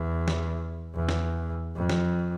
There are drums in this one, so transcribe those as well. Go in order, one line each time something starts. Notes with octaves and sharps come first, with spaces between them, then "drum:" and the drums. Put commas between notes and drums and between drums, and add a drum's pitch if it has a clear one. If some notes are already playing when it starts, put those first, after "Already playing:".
Already playing: E2
drum: snare
E2
drum: snare
F2
drum: snare